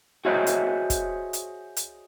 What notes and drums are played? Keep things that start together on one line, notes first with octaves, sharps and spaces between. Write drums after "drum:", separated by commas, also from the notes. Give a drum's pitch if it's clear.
F#4 G#4 C5 C#5 D#5 E5
drum: hi-hat
drum: kick, hi-hat
drum: hi-hat
drum: hi-hat